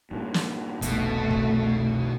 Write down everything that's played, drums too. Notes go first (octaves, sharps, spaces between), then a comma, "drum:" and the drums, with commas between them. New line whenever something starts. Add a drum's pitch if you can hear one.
G2 A#2
drum: snare
F1 C2 B2 A3, drum: hi-hat
drum: kick